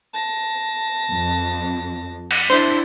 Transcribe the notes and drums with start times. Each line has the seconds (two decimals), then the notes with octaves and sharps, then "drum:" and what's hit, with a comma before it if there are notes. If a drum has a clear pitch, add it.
0.14 A5 A#6
1.11 F2
2.30 drum: cymbal
2.50 D4 E4 C5